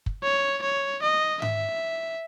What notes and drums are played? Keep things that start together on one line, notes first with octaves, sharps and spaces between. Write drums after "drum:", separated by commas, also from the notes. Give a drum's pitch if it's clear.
drum: kick
C#5
C#5
D#5
E5, drum: tom G#2